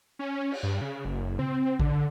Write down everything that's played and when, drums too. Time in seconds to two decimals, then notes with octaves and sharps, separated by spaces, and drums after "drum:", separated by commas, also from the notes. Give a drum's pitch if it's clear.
0.19 C#4
0.52 drum: cymbal
0.63 G2
0.81 C#3
1.05 F#1
1.39 C4, drum: tom C#3
1.80 D3, drum: kick A1